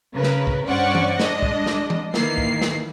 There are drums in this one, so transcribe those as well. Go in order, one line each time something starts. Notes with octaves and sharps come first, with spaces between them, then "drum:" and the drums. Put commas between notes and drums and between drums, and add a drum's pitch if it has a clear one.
C#3 A#4 B4
drum: snare
drum: kick
G2 C#4 C5 D5 F#5 C#6
drum: tom E3
G#3 D4 D#5, drum: snare
drum: kick
drum: snare
drum: tom E3
D#3 E3 A#3 C7, drum: snare
drum: kick
drum: snare